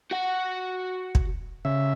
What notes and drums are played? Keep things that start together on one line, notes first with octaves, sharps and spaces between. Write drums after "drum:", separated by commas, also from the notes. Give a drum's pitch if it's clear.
F#4 F#5
drum: kick
C#3 E5